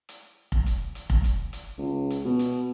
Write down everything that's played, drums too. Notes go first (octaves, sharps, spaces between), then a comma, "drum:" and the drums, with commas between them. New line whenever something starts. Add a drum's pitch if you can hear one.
drum: hi-hat
drum: kick F1
drum: hi-hat
drum: hi-hat
drum: kick F1
drum: hi-hat
drum: hi-hat
C#2
drum: hi-hat
B2
drum: hi-hat